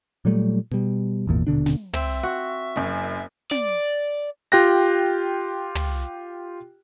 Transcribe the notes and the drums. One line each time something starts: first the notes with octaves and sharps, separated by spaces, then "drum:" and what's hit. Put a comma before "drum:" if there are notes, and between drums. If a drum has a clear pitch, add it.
A#2 F#3 G3 A3
B2 G3, drum: hi-hat
G#1 E2 A#2
D#1 B2 D3 D4
drum: snare
C4 E5, drum: tom
F#4
F#1 F#2, drum: hi-hat
D5, drum: snare
drum: hi-hat
F4 G4 G5 F#6 A#6
drum: tom